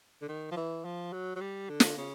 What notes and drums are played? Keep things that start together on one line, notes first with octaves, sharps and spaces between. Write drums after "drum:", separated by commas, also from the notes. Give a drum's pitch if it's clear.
D3
D#3
F3
E3
F3
F#3
F#3
G3
D3
drum: snare
C#3